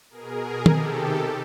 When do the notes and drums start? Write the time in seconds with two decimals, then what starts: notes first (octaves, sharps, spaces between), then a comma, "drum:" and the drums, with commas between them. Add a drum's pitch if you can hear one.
0.10 B2 G#4 A#4
0.66 C3 D#3 G4 A4, drum: tom D#3